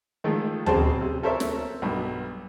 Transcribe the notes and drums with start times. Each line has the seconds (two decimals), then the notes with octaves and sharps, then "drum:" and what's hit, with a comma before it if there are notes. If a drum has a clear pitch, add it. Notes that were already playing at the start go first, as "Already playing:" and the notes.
0.24 D#3 F3 G#3 A3 D#4 F4
0.66 B1 C#3 C4 G#4 C5 A5, drum: tom D2
1.01 C3
1.23 A4 A#4 C5 C#5 E5
1.40 drum: snare
1.82 B1 G2